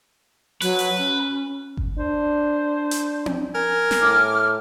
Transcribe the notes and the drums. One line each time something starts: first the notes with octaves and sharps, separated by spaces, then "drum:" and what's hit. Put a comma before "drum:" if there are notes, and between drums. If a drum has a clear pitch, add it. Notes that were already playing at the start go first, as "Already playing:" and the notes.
F#3 B4, drum: open hi-hat
drum: open hi-hat
C#4
drum: kick G1
D4 C5
drum: hi-hat
drum: tom C4
A#4 G#5
drum: snare
A2 D6 F6